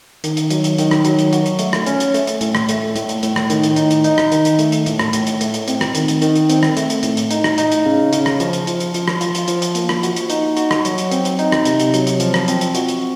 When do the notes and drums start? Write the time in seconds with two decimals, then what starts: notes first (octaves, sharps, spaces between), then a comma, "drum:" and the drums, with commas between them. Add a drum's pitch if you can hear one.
0.24 D#3, drum: hi-hat
0.37 drum: hi-hat
0.50 F#3, drum: hi-hat
0.64 drum: hi-hat
0.78 D#3, drum: hi-hat
0.91 drum: rim click
1.05 F#3, drum: hi-hat
1.19 drum: hi-hat
1.33 F#4, drum: hi-hat
1.46 drum: hi-hat
1.59 A3, drum: hi-hat
1.73 drum: rim click
1.86 C#4, drum: hi-hat
2.00 drum: hi-hat
2.14 A3, drum: hi-hat
2.27 drum: hi-hat
2.41 A2, drum: hi-hat
2.55 drum: rim click
2.69 A3, drum: hi-hat
2.96 A2, drum: hi-hat
3.09 drum: hi-hat
3.23 A2, drum: hi-hat
3.36 drum: rim click
3.50 D#3, drum: hi-hat
3.63 drum: hi-hat
3.76 D#4, drum: hi-hat
3.91 drum: hi-hat
4.04 D#4, drum: hi-hat
4.18 drum: rim click
4.32 D#3, drum: hi-hat
4.45 drum: hi-hat
4.59 A3, drum: hi-hat
4.72 drum: hi-hat
4.86 A2, drum: hi-hat
4.99 drum: rim click
5.13 A2, drum: hi-hat
5.27 drum: hi-hat
5.41 A3, drum: hi-hat
5.54 drum: hi-hat
5.68 C4, drum: hi-hat
5.81 drum: rim click
5.95 D#3, drum: hi-hat
6.08 drum: hi-hat
6.22 D#3, drum: hi-hat
6.36 drum: hi-hat
6.50 C4, drum: hi-hat
6.63 drum: rim click
6.77 A3, drum: hi-hat
6.90 drum: hi-hat
7.03 A2, drum: hi-hat
7.17 drum: hi-hat
7.31 D#4, drum: hi-hat
7.44 drum: rim click
7.58 D#4, drum: hi-hat
7.72 drum: hi-hat
7.86 C#3
8.13 C#3, drum: hi-hat
8.26 drum: rim click
8.40 F3, drum: hi-hat
8.53 drum: hi-hat
8.67 F3, drum: hi-hat
8.80 drum: hi-hat
8.94 F3, drum: hi-hat
9.08 drum: rim click
9.21 F4, drum: hi-hat
9.35 drum: hi-hat
9.48 F3, drum: hi-hat
9.62 drum: hi-hat
9.75 A#3, drum: hi-hat
9.89 drum: rim click
10.03 F#4, drum: hi-hat
10.16 drum: hi-hat
10.30 D#4, drum: hi-hat
10.57 F#4, drum: hi-hat
10.71 drum: rim click
10.85 F#3, drum: hi-hat
10.98 drum: hi-hat
11.12 C4, drum: hi-hat
11.25 drum: hi-hat
11.39 D#4, drum: hi-hat
11.52 drum: rim click
11.65 C3, drum: hi-hat
11.80 drum: hi-hat
11.94 F#3, drum: hi-hat
12.07 drum: hi-hat
12.20 F3, drum: hi-hat
12.34 drum: rim click
12.48 C4, drum: hi-hat
12.61 drum: hi-hat
12.75 F#4, drum: hi-hat
12.88 drum: hi-hat